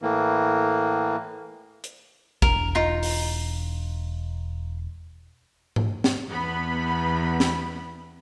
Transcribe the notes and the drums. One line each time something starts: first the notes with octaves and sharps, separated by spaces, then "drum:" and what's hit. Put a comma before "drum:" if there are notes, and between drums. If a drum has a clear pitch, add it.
A2 E3 A#3
drum: hi-hat
E1 A#4, drum: kick
D#4 F4 A#5
drum: open hi-hat
drum: tom G#2
drum: snare
E2 B3 B5
drum: snare